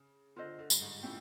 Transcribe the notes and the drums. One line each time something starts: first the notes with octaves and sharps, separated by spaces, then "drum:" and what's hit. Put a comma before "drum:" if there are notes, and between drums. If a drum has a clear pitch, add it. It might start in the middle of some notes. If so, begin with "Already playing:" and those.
Already playing: C#3
D3 F4 A4 C5 D#5
D3
G2, drum: tambourine
G#2
A#2 C#4 E4 G4